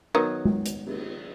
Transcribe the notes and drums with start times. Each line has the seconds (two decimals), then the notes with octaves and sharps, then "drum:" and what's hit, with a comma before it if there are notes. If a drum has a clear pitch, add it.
0.15 D#3 F#3 B3
0.45 drum: tom G#3
0.66 drum: hi-hat
0.86 drum: cymbal